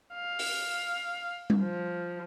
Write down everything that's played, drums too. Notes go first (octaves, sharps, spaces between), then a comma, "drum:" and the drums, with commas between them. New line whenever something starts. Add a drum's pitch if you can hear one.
F5
drum: open hi-hat
drum: tom G3
F3